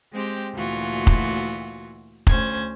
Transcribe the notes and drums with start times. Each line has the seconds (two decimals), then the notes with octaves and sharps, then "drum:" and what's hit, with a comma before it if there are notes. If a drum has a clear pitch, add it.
0.12 G#3 C4 G4
0.54 D2 A#2 E3 F4 F#4
1.07 drum: kick F1
2.27 D2 C#4 C5 G#6, drum: kick F1